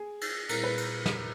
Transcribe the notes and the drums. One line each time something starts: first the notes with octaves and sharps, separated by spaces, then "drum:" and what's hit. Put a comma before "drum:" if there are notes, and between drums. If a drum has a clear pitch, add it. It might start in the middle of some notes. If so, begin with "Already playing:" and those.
Already playing: G#4
drum: cymbal
A#2 G3 C4 E4 G#4 A#4, drum: cymbal
B4
drum: cymbal
drum: snare